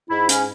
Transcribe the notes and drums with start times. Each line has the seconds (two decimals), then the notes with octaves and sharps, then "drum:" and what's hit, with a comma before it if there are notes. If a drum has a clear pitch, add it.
0.10 G#2 E4
0.29 C#4, drum: hi-hat